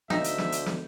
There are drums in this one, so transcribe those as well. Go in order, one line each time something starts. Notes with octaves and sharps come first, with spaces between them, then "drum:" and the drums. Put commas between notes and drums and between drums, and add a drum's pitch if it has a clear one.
D2 D#4 E5 F5, drum: snare
drum: hi-hat
drum: snare
drum: hi-hat
drum: snare